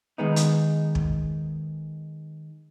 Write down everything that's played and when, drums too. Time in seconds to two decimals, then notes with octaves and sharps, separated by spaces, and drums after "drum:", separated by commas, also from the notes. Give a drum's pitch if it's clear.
0.18 D#3 G#3 B3 D#4
0.36 drum: hi-hat
0.95 drum: kick